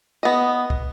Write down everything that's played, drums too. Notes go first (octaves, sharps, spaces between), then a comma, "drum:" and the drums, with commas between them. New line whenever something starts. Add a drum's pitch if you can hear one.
B3 D#5
drum: kick